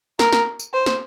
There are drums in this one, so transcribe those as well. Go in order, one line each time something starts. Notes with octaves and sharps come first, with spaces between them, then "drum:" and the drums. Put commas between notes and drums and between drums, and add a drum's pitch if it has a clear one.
A#4, drum: snare
drum: snare
drum: tambourine
C5
drum: snare